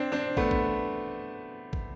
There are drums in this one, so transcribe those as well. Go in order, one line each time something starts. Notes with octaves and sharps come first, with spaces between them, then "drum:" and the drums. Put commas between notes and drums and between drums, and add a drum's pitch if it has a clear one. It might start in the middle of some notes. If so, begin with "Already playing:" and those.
Already playing: C4 D4
C4 D4
A3 B3, drum: kick
drum: kick
drum: kick